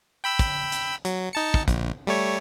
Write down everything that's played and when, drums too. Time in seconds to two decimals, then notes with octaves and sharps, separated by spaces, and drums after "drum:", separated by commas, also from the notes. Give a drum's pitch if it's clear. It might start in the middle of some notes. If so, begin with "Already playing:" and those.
0.24 G5 B5 E6
0.39 drum: kick, hi-hat
0.72 drum: hi-hat
1.05 F#3, drum: hi-hat
1.33 D#4 A5 C#7
1.54 drum: kick
1.68 A#1, drum: kick, hi-hat
2.07 G3 A3 C#5